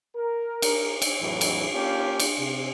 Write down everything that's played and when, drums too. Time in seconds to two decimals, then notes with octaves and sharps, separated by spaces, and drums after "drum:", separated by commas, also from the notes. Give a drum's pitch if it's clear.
0.16 A#4
0.62 drum: cymbal
1.02 drum: cymbal
1.21 F2 A2 E3 F#3
1.41 drum: cymbal
1.73 A#3 C#4 F4 G4
2.20 drum: cymbal
2.37 C3